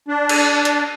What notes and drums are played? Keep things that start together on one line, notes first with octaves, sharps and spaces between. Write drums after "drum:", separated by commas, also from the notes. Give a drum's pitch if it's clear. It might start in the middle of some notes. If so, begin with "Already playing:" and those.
D4
drum: cymbal
drum: hi-hat